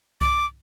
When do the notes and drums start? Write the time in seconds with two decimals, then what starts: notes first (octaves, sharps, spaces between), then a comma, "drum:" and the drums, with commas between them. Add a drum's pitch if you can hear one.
0.21 D6, drum: kick C2